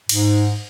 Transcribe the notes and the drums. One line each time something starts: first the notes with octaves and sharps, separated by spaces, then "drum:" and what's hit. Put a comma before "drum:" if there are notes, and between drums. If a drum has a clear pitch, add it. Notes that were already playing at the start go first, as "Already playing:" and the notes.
G#2, drum: cymbal